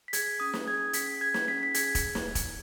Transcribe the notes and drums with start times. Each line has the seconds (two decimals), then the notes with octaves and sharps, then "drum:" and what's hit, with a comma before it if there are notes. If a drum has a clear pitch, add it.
0.08 B6
0.13 G#4 G#6, drum: hi-hat
0.40 C#4 D#6
0.53 drum: snare
0.67 G#4 G#6
0.93 C#4 B6, drum: hi-hat
1.21 G#4 G#6
1.34 drum: snare
1.48 C#4 B6
1.63 B6
1.74 G#4 G#6, drum: hi-hat
1.95 drum: kick E1, hi-hat
2.15 drum: snare
2.35 drum: kick E1, hi-hat